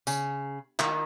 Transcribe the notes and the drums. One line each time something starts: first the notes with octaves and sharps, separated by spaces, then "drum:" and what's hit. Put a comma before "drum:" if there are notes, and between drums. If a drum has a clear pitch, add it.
C#3, drum: tambourine
D#3, drum: clap